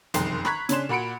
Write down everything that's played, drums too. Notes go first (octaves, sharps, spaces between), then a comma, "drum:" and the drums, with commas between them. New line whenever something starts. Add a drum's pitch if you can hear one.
F#1 C2 F2 D#3 C6 C7, drum: hi-hat
A#5 B5 C#6 F#6 G#6 B6, drum: rim click
C#3 C#4 D4 C6 E7, drum: hi-hat
A#2 F#4 B5 C#7 D7